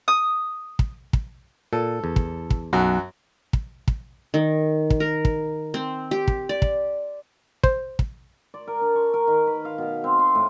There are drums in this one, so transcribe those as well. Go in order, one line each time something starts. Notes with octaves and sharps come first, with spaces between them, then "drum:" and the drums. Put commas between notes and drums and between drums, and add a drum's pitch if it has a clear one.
D#6
drum: kick
drum: kick
A#2 A4
E2
drum: kick
drum: kick
B1 F#2 F#4
drum: kick
drum: kick
D#3
drum: kick
A#4
drum: kick
C4
G4
drum: kick
D5
drum: kick
C5, drum: kick
drum: kick
D5
A#4
D4
C#6
A#4
D#3
B4
F5
B2
C4
C6
A2